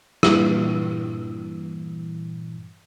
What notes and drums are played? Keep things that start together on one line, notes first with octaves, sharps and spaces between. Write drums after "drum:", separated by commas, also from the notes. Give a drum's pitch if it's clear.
G2 A#2 E3, drum: rim click